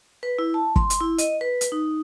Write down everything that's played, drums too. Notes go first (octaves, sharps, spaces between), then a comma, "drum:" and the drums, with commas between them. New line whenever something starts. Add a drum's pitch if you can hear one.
B4
E4
A5
C6, drum: kick
drum: hi-hat
E4
D#5, drum: hi-hat
B4
drum: hi-hat
D#4